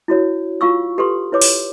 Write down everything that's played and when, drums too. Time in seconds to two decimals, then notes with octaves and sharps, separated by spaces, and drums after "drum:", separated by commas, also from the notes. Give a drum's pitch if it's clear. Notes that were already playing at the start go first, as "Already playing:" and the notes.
0.08 E4 F#4 C#5
0.61 F4 F5 C#6 E6
0.98 G4 A4 B4 C6
1.32 E4 B4 C#5 D6
1.42 drum: open hi-hat